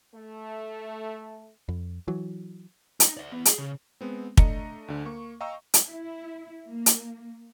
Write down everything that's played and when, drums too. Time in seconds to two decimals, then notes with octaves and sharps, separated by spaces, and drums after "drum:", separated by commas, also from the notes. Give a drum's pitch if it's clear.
0.14 A3
1.69 F2
2.08 E3 F#3
3.00 D#4, drum: hi-hat
3.17 D5 E5
3.31 E2 B3
3.45 G#4, drum: hi-hat
3.58 C#3
4.01 G#3 B3 C4
4.37 A3 D4 D#5 A#5 C#7, drum: kick
4.88 D2 D3
5.05 A#3 C#6
5.41 D#5 F5 G5 A#5 C#6 E6
5.74 drum: hi-hat
5.87 E4
6.68 A#3
6.86 drum: hi-hat